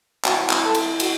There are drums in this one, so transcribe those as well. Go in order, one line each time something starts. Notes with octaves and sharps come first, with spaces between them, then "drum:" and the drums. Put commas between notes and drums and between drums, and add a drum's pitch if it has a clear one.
C3 E3 F#4, drum: clap
drum: clap
A4 E5 A5
drum: cymbal
F#4, drum: cymbal